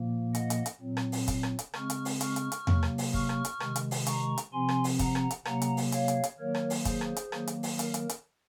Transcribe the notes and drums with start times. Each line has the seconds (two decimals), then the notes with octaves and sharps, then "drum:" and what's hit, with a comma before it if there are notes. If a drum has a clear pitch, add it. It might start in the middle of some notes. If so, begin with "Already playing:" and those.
Already playing: A#2 F3 A#3
0.35 D#5 F#5, drum: hi-hat
0.50 drum: hi-hat
0.66 drum: hi-hat
0.81 A#2 F#3 C4
0.97 drum: rim click
1.12 drum: open hi-hat
1.28 drum: kick, hi-hat
1.43 drum: rim click
1.59 drum: hi-hat
1.74 C#3 G#3 C4 C#6 F6, drum: rim click
1.90 drum: hi-hat
2.05 drum: open hi-hat
2.21 C#6 F6, drum: hi-hat
2.36 drum: hi-hat
2.52 drum: hi-hat
2.67 C3 F#3 A#3, drum: tom E2
2.83 drum: rim click
2.98 drum: open hi-hat
3.14 C#6 F6, drum: kick
3.29 drum: rim click
3.45 drum: hi-hat
3.60 C3 D#3 G#3, drum: rim click
3.76 drum: hi-hat
3.91 drum: open hi-hat
4.07 A#5 C#6, drum: hi-hat
4.38 drum: hi-hat
4.53 C3 F3 C4 G#5 C6
4.69 drum: rim click
4.84 drum: open hi-hat
4.99 F#5 A#5, drum: kick, hi-hat
5.15 drum: rim click
5.31 drum: hi-hat
5.45 C3 F#3 A#3 F#5 A#5, drum: rim click
5.62 drum: hi-hat
5.77 drum: open hi-hat
5.92 C#5 F5, drum: hi-hat
6.08 drum: hi-hat
6.24 drum: hi-hat
6.39 D#3 F#3 A#3 A#4 C#5
6.54 drum: rim click
6.70 drum: open hi-hat
6.85 G#4 C5, drum: kick, hi-hat
7.01 drum: rim click
7.16 drum: hi-hat
7.32 D#3 F#3 A#3, drum: rim click
7.47 drum: hi-hat
7.63 drum: open hi-hat
7.79 A#4, drum: hi-hat
7.94 drum: hi-hat
8.09 drum: hi-hat